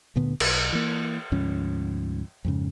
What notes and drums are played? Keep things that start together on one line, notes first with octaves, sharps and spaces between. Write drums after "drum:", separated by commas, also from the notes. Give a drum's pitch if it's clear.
D2 A#2 D3 B3
B1, drum: cymbal
E3 A#3
D2 G#2 F3 C#4
F2 G#2 C#3